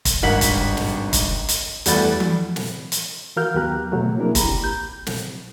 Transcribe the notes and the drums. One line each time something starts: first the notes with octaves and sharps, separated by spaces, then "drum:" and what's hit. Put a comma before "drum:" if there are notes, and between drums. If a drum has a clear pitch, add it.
drum: kick, hi-hat
G#1 G2 A#4 F#5 B6 F#7
drum: kick, hi-hat
drum: snare
drum: kick, hi-hat
drum: hi-hat
E2 G3 A3 F#4 B5 A6, drum: hi-hat
drum: tom E3
drum: snare
drum: hi-hat
E3 F#4 A#4 F5 F6 G6
D#2 F#3 B3 G4 A#5 F#6
B2 F3 F#3 A3
A#3 C4 D4 E4 G#4 A#4
G4 A#5 B5, drum: kick, hi-hat
G6
drum: snare